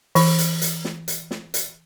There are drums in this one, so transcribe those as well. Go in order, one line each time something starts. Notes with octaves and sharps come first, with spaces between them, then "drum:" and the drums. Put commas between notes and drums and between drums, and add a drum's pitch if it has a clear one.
E3 B5, drum: open hi-hat
drum: hi-hat
drum: hi-hat
drum: snare
drum: hi-hat
drum: snare
drum: hi-hat